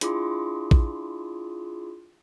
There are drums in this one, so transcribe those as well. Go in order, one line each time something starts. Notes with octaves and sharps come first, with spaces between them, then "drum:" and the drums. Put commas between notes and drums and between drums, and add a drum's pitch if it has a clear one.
D4 E4 F4 G#4 C6 D6, drum: hi-hat
drum: kick